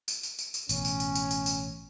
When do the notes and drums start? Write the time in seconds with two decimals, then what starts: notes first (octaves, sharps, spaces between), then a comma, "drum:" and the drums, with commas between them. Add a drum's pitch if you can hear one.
0.08 drum: tambourine
0.23 drum: tambourine
0.39 drum: tambourine
0.54 drum: tambourine
0.69 A1 B2 C#4, drum: tambourine
0.85 drum: tambourine
1.00 drum: tambourine
1.15 drum: tambourine
1.31 drum: tambourine
1.46 drum: tambourine